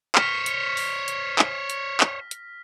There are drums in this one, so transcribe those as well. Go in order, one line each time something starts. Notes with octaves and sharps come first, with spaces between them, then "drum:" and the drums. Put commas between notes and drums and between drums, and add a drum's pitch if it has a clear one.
C5 C#5 F6 A#6 B6, drum: clap
drum: hi-hat
drum: open hi-hat
drum: hi-hat
drum: clap
drum: hi-hat
drum: clap
drum: hi-hat